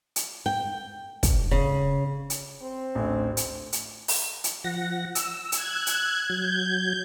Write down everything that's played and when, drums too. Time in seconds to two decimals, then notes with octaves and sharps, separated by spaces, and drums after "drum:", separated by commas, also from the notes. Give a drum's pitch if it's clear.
0.16 drum: hi-hat
0.46 G5
1.23 drum: kick, hi-hat
1.51 C#3
2.30 drum: hi-hat
2.61 C4
2.95 A1 D2
3.37 drum: hi-hat
3.73 drum: hi-hat
4.08 drum: open hi-hat
4.44 drum: hi-hat
4.64 F3 F#5 A#6
5.15 E6, drum: hi-hat
5.52 F#6 G#6, drum: hi-hat
5.87 drum: hi-hat
6.29 F#3 G6 G#6